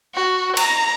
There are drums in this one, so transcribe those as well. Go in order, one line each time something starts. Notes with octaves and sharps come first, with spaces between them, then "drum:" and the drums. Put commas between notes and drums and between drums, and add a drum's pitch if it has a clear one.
F#4
A#5, drum: cymbal